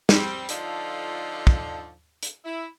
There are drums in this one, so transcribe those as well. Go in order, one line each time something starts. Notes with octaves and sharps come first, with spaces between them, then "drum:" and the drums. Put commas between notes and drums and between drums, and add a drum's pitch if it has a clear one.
G3 C4, drum: snare
D3 F3 D#4 F4 A4 D5, drum: hi-hat
drum: kick
drum: hi-hat
E4